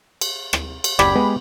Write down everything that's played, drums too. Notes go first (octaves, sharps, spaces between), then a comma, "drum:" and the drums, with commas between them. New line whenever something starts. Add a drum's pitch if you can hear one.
drum: cymbal
drum: rim click
drum: cymbal
F#1 G4 D5 B5 G#6, drum: rim click
G#3 B3